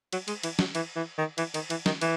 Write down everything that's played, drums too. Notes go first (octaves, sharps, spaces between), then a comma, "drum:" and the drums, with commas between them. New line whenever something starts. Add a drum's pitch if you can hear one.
F#3, drum: cymbal
G#3, drum: cymbal
E3, drum: cymbal
F#3, drum: snare
E3, drum: cymbal
E3
D#3
E3, drum: cymbal
D#3, drum: cymbal
E3, drum: cymbal
D#3, drum: snare
E3, drum: cymbal